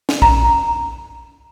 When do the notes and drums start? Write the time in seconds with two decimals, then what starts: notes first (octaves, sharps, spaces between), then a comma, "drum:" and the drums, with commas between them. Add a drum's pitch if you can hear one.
0.09 drum: snare
0.22 A#5, drum: kick